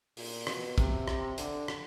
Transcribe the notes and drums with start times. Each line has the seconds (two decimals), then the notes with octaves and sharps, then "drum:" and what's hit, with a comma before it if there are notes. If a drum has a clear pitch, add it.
0.17 A#2, drum: open hi-hat
0.47 B2, drum: rim click
0.78 C3, drum: kick, hi-hat
1.08 drum: rim click
1.38 D3, drum: hi-hat
1.68 drum: rim click